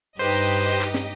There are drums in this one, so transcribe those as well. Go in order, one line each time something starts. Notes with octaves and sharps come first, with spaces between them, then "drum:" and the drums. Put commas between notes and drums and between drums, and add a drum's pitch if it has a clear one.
G2 D#4 G4 B4 C5 D#5
drum: clap
drum: snare